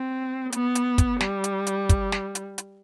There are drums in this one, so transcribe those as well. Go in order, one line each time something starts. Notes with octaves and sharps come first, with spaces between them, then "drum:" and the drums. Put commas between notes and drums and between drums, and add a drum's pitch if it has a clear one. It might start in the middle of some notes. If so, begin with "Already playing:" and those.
Already playing: C4
B3, drum: hi-hat
drum: hi-hat
drum: kick, hi-hat
G3, drum: snare
drum: hi-hat
drum: hi-hat
drum: kick, hi-hat
drum: snare
drum: hi-hat
drum: hi-hat